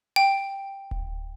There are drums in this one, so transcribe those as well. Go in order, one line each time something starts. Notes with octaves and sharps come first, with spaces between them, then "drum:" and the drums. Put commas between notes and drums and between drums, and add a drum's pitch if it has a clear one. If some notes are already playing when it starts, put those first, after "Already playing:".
G5
drum: kick D1